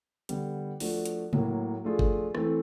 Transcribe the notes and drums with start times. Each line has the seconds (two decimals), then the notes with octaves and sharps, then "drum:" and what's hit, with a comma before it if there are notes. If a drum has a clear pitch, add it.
0.29 D3 G3 B3, drum: hi-hat
0.80 F3 A3 D4 F#4, drum: open hi-hat
1.05 drum: hi-hat
1.33 A2 F#3 A#3, drum: tom C3
1.84 F3 A3 D4 F4 G#4
1.99 drum: kick G1
2.35 E3 A3 C4, drum: rim click